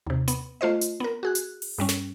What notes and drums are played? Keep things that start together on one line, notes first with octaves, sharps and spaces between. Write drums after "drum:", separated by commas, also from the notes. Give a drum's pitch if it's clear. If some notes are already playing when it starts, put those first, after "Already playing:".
D#2 C3
B3, drum: hi-hat
A3 F4 C5 D#5
drum: hi-hat
B3 A#4
F#4 G#4 F#6
drum: hi-hat
drum: open hi-hat
G2 G3 C#4
drum: snare